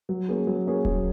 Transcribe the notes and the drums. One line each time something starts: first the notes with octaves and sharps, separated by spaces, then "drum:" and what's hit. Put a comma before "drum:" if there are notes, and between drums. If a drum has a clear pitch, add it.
F#3
A#3 C#4 G#4
F#3
A#3 C#4 G#4
F#3, drum: kick D#1